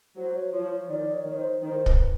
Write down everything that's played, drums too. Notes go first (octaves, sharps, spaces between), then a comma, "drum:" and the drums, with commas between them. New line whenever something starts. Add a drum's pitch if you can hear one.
F#3 C5
C#5
F3 C#5
C#5
D#3 D5
C#5
D#3
C#5
C5
D#3 C5
B4, drum: kick